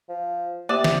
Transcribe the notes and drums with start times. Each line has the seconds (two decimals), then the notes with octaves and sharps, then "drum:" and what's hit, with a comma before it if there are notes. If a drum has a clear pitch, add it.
0.09 F3
0.69 C3 A#3 G4 D5
0.84 drum: snare